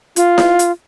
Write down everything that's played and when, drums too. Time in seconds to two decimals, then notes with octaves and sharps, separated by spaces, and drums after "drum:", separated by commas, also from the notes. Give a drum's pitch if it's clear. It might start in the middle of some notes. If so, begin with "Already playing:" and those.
0.16 F4, drum: hi-hat
0.38 drum: snare E4
0.59 drum: hi-hat